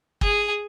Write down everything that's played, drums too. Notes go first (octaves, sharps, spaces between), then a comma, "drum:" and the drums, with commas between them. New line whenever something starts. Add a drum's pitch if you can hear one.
G#4, drum: kick